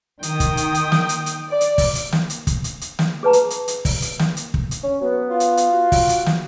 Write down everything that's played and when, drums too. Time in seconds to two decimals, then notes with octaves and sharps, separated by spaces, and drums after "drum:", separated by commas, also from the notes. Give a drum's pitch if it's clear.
0.23 D#3 G5 D#6, drum: hi-hat
0.40 drum: kick, hi-hat
0.57 drum: hi-hat
0.74 drum: hi-hat
0.92 drum: snare
1.09 drum: hi-hat
1.26 drum: hi-hat
1.50 D5
1.61 drum: hi-hat
1.78 drum: kick, open hi-hat
1.95 drum: hi-hat
2.12 drum: snare
2.30 drum: hi-hat
2.47 drum: kick, hi-hat
2.64 drum: hi-hat
2.81 drum: hi-hat
2.99 drum: snare
3.23 G#4 B4 A5 A#5
3.33 drum: hi-hat
3.50 drum: hi-hat
3.68 drum: hi-hat
3.85 drum: kick, open hi-hat
4.02 drum: hi-hat
4.19 drum: snare
4.37 drum: hi-hat
4.54 drum: kick
4.71 drum: hi-hat
4.83 C#4
5.01 F#3 B3
5.30 F4
5.40 drum: hi-hat
5.57 drum: hi-hat
5.71 F#4
5.92 drum: kick, open hi-hat
6.09 drum: hi-hat
6.26 drum: snare